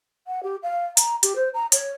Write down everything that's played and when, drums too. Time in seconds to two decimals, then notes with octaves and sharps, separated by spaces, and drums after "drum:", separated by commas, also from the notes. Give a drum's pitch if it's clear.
0.27 F#5
0.43 G4
0.63 F5
0.97 A#5, drum: hi-hat
1.23 G4, drum: hi-hat
1.36 C5
1.54 A#5
1.72 C#5, drum: hi-hat